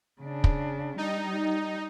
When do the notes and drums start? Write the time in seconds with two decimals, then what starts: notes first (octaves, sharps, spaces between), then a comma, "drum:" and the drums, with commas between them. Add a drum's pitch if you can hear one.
0.21 C#3 D4
0.44 drum: kick
0.98 G3 D#4